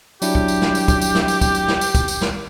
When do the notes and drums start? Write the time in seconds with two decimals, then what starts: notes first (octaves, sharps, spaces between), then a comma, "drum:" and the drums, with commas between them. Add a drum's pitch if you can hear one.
0.22 F#3 D4 E4 G4, drum: tambourine
0.35 drum: kick
0.48 drum: tambourine
0.62 drum: snare
0.75 drum: tambourine
0.88 drum: kick, tambourine
1.02 drum: tambourine
1.15 drum: snare
1.28 drum: tambourine
1.41 drum: kick, tambourine
1.55 drum: tambourine
1.68 drum: snare
1.81 drum: tambourine
1.95 drum: kick, tambourine
2.08 drum: tambourine
2.21 drum: snare